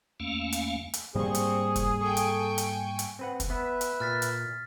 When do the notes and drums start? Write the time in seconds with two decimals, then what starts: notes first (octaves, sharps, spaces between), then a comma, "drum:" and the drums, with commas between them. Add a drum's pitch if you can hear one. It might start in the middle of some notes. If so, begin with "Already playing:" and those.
0.20 E2 A3 A#3 C#4 F5
0.52 drum: hi-hat
0.93 drum: hi-hat
1.15 G#2 G3 A#3 C4 G#4 C5 C#6
1.35 drum: hi-hat
1.76 drum: kick, hi-hat
2.02 A4 G5 G#5 C#6
2.17 drum: hi-hat
2.58 drum: hi-hat
2.99 drum: hi-hat
3.19 C4 B4 F#5
3.40 drum: kick, hi-hat
3.50 B3 B4 E5
3.81 drum: hi-hat
4.00 A#2 F6 A6 B6
4.22 drum: hi-hat